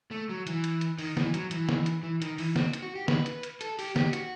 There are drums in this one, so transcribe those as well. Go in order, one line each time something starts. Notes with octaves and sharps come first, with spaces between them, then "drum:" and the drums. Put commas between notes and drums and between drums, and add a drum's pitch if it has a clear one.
A3
F#3
E3, drum: hi-hat
drum: hi-hat
drum: hi-hat
D#3, drum: open hi-hat
E3, drum: snare
F#3, drum: hi-hat
E3, drum: hi-hat
drum: snare
drum: hi-hat
E3
D#3, drum: hi-hat
E3, drum: open hi-hat
C4, drum: snare
drum: hi-hat
F#4
G4
B4, drum: snare
drum: hi-hat
drum: hi-hat
A4, drum: hi-hat
G4, drum: open hi-hat
G4, drum: snare
F#4, drum: hi-hat